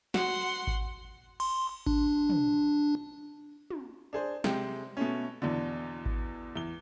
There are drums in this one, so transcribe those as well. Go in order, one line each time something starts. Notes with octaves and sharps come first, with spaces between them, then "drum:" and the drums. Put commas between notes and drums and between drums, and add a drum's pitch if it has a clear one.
F#4 F#5 C6, drum: snare
drum: kick G#1
C6, drum: cymbal
D4, drum: kick G#1
drum: tom
drum: tom
D4 G#4 C5
C3 G#3 G5, drum: snare
B2 A3 C#4
E2 B2 D3
drum: kick G#1
E2 G7